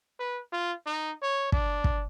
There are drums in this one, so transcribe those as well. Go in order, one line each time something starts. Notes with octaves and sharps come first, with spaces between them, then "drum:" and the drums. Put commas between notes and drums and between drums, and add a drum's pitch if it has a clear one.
B4
F4
D#4
C#5
D4, drum: kick
drum: kick